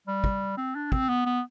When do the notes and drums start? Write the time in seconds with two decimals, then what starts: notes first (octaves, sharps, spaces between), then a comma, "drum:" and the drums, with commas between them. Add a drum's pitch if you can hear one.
0.07 G3
0.24 drum: kick
0.57 C4
0.75 D4
0.92 C4, drum: kick
1.09 B3
1.26 B3